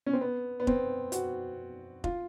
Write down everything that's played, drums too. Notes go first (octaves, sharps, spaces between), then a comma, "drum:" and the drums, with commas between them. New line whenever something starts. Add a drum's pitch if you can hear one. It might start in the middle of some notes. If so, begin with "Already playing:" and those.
C#4
C4
B3
B3
C4, drum: kick F1
F#4, drum: hi-hat
F4, drum: kick F1